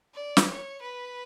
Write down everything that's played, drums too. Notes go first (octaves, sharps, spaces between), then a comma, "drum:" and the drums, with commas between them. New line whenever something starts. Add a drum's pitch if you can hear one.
D5
drum: snare
C#5
B4